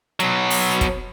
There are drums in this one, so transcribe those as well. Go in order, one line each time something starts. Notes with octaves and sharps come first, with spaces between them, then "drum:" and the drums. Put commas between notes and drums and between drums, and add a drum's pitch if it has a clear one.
B2 F#3, drum: hi-hat
drum: open hi-hat
drum: kick, hi-hat